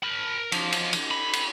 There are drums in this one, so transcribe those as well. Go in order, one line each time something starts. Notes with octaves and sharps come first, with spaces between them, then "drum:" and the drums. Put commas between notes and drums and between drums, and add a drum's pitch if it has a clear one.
A#4 B5
F3, drum: cymbal
drum: cymbal
drum: cymbal
B5
drum: cymbal